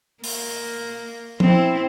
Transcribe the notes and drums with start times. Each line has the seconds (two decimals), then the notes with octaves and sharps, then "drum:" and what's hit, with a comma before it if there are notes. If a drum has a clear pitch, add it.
0.24 A#3, drum: open hi-hat
1.40 C4 E4, drum: tom F3